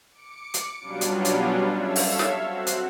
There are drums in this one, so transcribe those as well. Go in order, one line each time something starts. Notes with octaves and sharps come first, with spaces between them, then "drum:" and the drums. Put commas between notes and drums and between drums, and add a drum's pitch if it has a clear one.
D6 C#7 D7
drum: hi-hat
B2 F#3 G3 C#4 D4 F4
drum: hi-hat
drum: hi-hat
A4 C#5 E5 F5 E6
drum: open hi-hat
drum: snare
C4 F#4 C5 F#5
drum: hi-hat